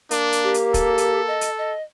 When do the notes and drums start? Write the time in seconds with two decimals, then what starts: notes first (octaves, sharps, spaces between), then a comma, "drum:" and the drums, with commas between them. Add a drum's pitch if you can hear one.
0.11 A#3 D4, drum: hi-hat
0.32 drum: hi-hat
0.43 G4
0.54 drum: hi-hat
0.74 A4, drum: kick D1, hi-hat
0.98 drum: hi-hat
1.28 D#5
1.41 drum: hi-hat
1.58 D#5